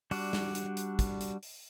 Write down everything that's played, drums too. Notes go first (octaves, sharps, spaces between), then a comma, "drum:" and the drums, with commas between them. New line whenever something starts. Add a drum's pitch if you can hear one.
G3 D4 F#4, drum: open hi-hat
drum: snare
drum: hi-hat
drum: hi-hat
drum: kick, hi-hat
drum: hi-hat
drum: open hi-hat